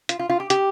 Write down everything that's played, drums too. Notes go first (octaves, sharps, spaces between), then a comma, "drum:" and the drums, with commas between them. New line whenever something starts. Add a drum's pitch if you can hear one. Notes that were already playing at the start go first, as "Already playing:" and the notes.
F4, drum: hi-hat
F4
F4
G4
G4, drum: hi-hat